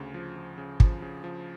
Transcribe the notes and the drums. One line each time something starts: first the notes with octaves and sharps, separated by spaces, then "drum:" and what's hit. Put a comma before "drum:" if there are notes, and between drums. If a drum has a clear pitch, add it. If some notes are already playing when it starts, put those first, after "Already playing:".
Already playing: D2 C#3
F3
F3
C#3
F3, drum: kick
C#3
F3